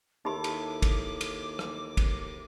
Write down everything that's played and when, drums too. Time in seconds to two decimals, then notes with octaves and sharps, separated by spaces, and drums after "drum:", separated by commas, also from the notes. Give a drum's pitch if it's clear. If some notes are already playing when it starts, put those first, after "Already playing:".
0.25 D#2 D#4 E4 G4 A4 B5 D6
0.44 drum: cymbal
0.82 drum: kick, cymbal
1.21 drum: cymbal
1.59 drum: rim click
1.97 drum: kick, cymbal